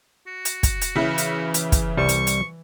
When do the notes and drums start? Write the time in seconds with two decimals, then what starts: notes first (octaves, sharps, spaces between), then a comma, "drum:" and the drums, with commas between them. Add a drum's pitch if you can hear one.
0.27 F#4
0.45 drum: hi-hat
0.63 drum: kick, hi-hat
0.81 drum: hi-hat
0.96 C#3 E3 E4
1.18 drum: hi-hat
1.54 drum: hi-hat
1.72 drum: kick, hi-hat
1.97 C2 G3 C#6
2.09 drum: hi-hat
2.27 drum: hi-hat